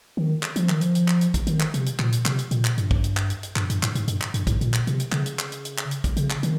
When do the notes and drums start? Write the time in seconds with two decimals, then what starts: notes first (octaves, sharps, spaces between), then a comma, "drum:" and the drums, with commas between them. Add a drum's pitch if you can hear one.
0.17 D#3
0.43 drum: clap
0.56 F3, drum: hi-hat
0.69 D#3, drum: clap
0.81 F3, drum: hi-hat
0.95 drum: hi-hat
1.08 drum: clap
1.21 drum: hi-hat
1.34 drum: kick, hi-hat
1.47 D#3, drum: hi-hat
1.60 drum: clap
1.74 C3, drum: hi-hat
1.86 drum: hi-hat
1.99 A#2, drum: clap
2.12 drum: hi-hat
2.25 C3, drum: clap
2.39 drum: hi-hat
2.51 A#2, drum: hi-hat
2.65 drum: clap
2.78 G2, drum: hi-hat
2.91 drum: kick
3.04 drum: hi-hat
3.17 drum: clap
3.30 drum: hi-hat
3.43 drum: hi-hat
3.56 G2, drum: clap
3.70 G2, drum: hi-hat
3.83 G#2, drum: clap
3.95 G#2, drum: hi-hat
4.08 G2, drum: hi-hat
4.21 drum: clap
4.34 G2, drum: hi-hat
4.47 G#2, drum: kick, hi-hat
4.61 A#2, drum: hi-hat
4.74 drum: clap
4.87 C3, drum: hi-hat
5.00 drum: hi-hat
5.12 C#3, drum: clap
5.26 drum: hi-hat
5.39 drum: clap
5.52 drum: hi-hat
5.65 drum: hi-hat
5.78 drum: clap
5.91 drum: hi-hat
6.04 drum: kick, hi-hat
6.17 C#3, drum: hi-hat
6.30 drum: clap
6.43 D#3, drum: hi-hat